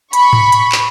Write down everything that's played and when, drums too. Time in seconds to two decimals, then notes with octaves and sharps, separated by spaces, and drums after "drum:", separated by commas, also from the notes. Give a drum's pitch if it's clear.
0.13 B5 C#6, drum: hi-hat
0.33 drum: tom G#2
0.52 drum: hi-hat
0.72 drum: clap